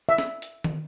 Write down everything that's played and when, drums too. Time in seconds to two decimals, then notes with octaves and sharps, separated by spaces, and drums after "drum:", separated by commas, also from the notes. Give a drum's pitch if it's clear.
0.09 E5
0.18 drum: snare
0.42 drum: hi-hat
0.64 drum: tom D#3